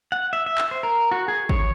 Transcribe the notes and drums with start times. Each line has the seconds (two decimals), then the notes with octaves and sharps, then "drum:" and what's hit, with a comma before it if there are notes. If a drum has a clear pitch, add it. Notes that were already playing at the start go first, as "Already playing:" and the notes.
0.12 F#5
0.33 E5
0.46 E5
0.58 drum: clap
0.71 C5
0.83 A#4
1.11 F#4
1.28 G#4
1.49 C#5, drum: kick G#1